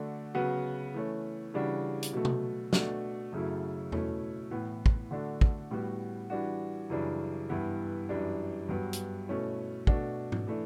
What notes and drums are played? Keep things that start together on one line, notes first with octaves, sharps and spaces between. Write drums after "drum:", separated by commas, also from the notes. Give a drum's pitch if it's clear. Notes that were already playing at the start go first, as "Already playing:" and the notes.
Already playing: D3 A3 D4 F#4
C#3 F#3 B3 F#4
E3 A3 C#4
C#3 E3 G3 D4 F#4
drum: hi-hat
B2 F#3 A3
drum: tom C3
B2 A3 D4 F#4, drum: snare
F#2 C#3 F#3 A3 E4
B2 A3 C#4 E4, drum: tom E2
A2 E3 B3
drum: kick
D3 A3 D4 F#4
drum: kick
A2 G3 B3 F#4
E3 G3 D4 F#4
F#2 C#3 E3 G3 D4
G2 E3 B3 E4
F#2 E3 G3 D4
G2 F#3 B3
drum: hi-hat
B2 A3 C#4 E4
B2 A3 D4 F#4, drum: kick
drum: tom G#2
E3 A3 D4